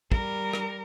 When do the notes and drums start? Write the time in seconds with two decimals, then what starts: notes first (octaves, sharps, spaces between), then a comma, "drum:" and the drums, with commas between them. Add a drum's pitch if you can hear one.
0.12 G3 A#4, drum: kick
0.53 drum: rim click